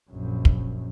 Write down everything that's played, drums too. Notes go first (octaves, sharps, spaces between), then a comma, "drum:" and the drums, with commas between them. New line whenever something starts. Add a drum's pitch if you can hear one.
A#1 F#2
drum: kick